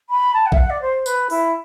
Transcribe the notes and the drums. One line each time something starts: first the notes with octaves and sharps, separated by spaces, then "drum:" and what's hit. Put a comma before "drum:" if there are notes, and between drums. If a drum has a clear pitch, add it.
B5
A5
F#5
E5, drum: kick A#1
F#5
D5
C5
B4, drum: tambourine
E4, drum: open hi-hat